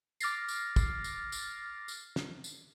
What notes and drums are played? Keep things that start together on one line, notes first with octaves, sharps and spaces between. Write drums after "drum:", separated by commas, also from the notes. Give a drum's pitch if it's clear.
D6 F6 A6 A#6 C7, drum: tambourine
drum: tambourine
drum: kick, tambourine
drum: tambourine
drum: tambourine
drum: tambourine
drum: snare
drum: tambourine